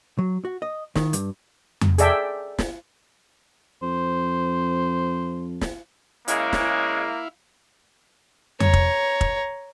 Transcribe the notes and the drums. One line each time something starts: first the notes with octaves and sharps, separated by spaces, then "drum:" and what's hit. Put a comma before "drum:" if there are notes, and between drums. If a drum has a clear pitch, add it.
F#3
F#4
D#5
D#3, drum: snare
G2, drum: hi-hat
drum: tom F2
G#4 A4 D5 E5 G5 A5, drum: hi-hat
drum: snare
F2 C5
drum: snare
C#3 G#3 A#3 E4 F5, drum: hi-hat
drum: snare
C#5 A#5, drum: tom F2
drum: kick
drum: kick